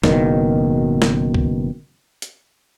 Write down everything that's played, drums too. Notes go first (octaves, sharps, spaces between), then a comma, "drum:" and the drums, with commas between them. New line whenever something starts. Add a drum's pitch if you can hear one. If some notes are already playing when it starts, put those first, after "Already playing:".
F#1 B1 B2 D#3, drum: snare
drum: snare
drum: kick
drum: hi-hat